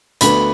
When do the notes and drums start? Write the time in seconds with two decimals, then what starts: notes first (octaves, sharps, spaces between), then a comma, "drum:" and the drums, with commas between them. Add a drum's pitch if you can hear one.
0.21 D2 D3 B3 B5, drum: hi-hat